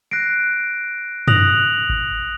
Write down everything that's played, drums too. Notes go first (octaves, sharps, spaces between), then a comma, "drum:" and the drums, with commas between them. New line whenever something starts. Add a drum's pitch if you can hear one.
F#6 A#6 C7 D7
D#6 F#6 A#6 F7 F#7, drum: tom F#2
drum: kick G#1